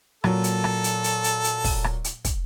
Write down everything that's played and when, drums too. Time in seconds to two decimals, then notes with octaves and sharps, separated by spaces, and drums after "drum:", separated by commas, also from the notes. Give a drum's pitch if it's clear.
0.24 A#2 F#3 A4, drum: rim click
0.44 drum: hi-hat
0.64 drum: rim click
0.84 drum: hi-hat
1.04 drum: hi-hat
1.24 drum: hi-hat
1.44 drum: hi-hat
1.64 drum: kick, open hi-hat
1.84 drum: rim click
2.04 drum: hi-hat
2.24 drum: kick, hi-hat